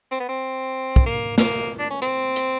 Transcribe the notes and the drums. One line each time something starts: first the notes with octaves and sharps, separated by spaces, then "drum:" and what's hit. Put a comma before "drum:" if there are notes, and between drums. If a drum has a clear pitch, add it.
C4
B3
C4
drum: kick
A#3
A#3, drum: snare
D4
C#4
C4, drum: hi-hat
drum: hi-hat